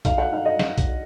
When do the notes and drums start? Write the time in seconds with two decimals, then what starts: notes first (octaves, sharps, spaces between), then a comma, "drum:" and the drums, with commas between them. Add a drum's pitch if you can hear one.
0.05 D#4 F5, drum: kick B1, hi-hat
0.18 F#5
0.32 D#4 F5
0.45 D#5
0.59 drum: snare
0.78 drum: kick B1, hi-hat